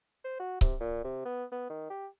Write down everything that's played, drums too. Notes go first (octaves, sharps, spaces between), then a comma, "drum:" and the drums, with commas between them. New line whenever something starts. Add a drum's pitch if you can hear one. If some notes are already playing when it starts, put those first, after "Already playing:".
C5
F#4
C3, drum: kick C#1
A#2
C3
B3
B3
D#3
G4